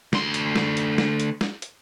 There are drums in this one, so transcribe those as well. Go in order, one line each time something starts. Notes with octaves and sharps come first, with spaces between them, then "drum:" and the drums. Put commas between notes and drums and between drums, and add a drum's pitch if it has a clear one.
D2 C6, drum: snare
drum: hi-hat
drum: snare
drum: hi-hat
drum: snare
drum: hi-hat
drum: snare
drum: hi-hat